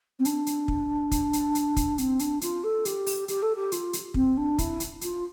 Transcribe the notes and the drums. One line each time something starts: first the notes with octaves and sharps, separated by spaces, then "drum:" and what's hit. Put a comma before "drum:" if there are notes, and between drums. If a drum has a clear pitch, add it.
C4
D4, drum: hi-hat
drum: hi-hat
drum: kick
drum: kick, hi-hat
drum: hi-hat
drum: hi-hat
drum: kick, hi-hat
C4, drum: hi-hat
D4, drum: hi-hat
F4, drum: hi-hat
A4
G4, drum: hi-hat
drum: open hi-hat
G4, drum: hi-hat
A4
G4
F4, drum: hi-hat
drum: hi-hat
C4, drum: kick
D4
E4, drum: kick, hi-hat
drum: hi-hat
F4, drum: hi-hat